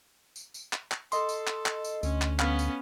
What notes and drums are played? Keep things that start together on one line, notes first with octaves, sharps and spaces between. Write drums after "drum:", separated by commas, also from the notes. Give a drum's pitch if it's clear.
drum: tambourine
drum: tambourine
drum: clap
drum: clap
A4 D#5 C6, drum: tambourine
drum: tambourine
drum: clap
drum: clap
drum: tambourine
D2 C#4, drum: tambourine
drum: clap
B3 C#4 F5 B5, drum: clap
drum: tambourine